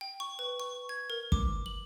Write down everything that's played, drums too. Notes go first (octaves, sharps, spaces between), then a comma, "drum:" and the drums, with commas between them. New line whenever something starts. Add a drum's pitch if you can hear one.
G5
C#6
B4
C#6
G#6
A#4
D6, drum: kick
F#7